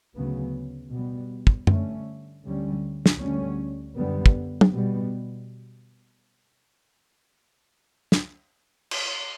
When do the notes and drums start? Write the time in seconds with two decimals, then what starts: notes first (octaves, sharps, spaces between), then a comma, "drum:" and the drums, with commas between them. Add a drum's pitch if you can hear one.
0.15 D2 C#3 F#3 B3
0.91 B2 G3 B3
1.47 drum: kick
1.67 G2 D3 A3 C#4, drum: tom F#2
2.43 D2 D3 G3 C#4
3.06 drum: snare
3.19 D2 D3 G3 C#4
3.95 F#2 D3 G3 B3
4.26 drum: kick
4.61 drum: tom
4.72 B2 G3 B3
8.12 drum: snare
8.91 drum: cymbal